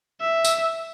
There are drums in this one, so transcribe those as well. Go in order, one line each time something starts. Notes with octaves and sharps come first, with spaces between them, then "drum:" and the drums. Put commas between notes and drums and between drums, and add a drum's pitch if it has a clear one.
E5
drum: tambourine